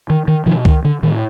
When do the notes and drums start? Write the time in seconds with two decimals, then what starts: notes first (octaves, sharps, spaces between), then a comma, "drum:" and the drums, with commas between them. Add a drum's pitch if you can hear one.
0.10 D#3
0.28 D#3
0.46 B2 D#3 F3
0.65 D#3, drum: kick C#2
0.85 D3
1.03 A2 D#3